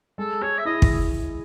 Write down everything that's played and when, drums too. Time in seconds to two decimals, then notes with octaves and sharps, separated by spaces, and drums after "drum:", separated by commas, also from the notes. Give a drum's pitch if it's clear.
0.18 G#3 A4
0.42 G#4 C#5
0.58 E5
0.65 E4 D#5
0.82 drum: kick